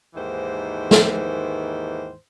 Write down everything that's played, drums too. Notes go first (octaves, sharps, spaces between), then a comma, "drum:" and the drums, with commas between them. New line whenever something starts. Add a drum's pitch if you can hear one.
D#2 G#2 D#3 E3 C5
drum: snare